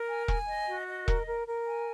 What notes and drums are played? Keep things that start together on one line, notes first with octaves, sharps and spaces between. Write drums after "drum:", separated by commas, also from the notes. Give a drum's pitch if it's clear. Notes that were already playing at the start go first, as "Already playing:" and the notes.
Already playing: A#4
G#5
G#5, drum: kick E1
D#5
F#4
D#5
A#4, drum: kick E1
A#4
A#4
G#5